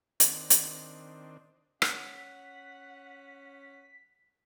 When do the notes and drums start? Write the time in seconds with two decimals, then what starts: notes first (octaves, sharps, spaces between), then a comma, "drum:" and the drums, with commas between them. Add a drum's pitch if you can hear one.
0.20 D#3 C4 D4, drum: hi-hat
0.50 drum: hi-hat
1.82 C#4 F#5 B6, drum: rim click